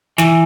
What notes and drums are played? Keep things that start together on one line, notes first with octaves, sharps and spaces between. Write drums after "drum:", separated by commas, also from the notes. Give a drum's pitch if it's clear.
E3, drum: snare